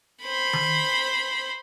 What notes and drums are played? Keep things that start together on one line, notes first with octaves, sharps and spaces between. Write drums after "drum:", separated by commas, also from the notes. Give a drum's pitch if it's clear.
C5 B5
drum: tom D#3